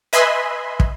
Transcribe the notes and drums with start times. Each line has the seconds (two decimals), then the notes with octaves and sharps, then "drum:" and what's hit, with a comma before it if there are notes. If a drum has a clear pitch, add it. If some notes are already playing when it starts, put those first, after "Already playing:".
0.13 B4 D#5 E5 G#5 B5 C6
0.80 drum: kick